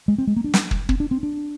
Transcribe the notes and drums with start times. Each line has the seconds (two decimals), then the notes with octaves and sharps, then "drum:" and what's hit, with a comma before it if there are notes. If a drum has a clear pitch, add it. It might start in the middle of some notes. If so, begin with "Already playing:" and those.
0.08 G#3
0.18 C4
0.27 G#3
0.36 A#3
0.44 D4
0.54 drum: snare
0.71 drum: kick
0.89 C4, drum: kick
1.00 D4
1.11 C4
1.23 D4